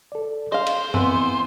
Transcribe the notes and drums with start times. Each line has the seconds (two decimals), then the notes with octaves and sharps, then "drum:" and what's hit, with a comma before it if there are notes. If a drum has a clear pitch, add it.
0.12 A4 D5
0.52 G#4 C5 D#5 F5
0.67 drum: cymbal
0.94 E3 B3 C4, drum: tom F#2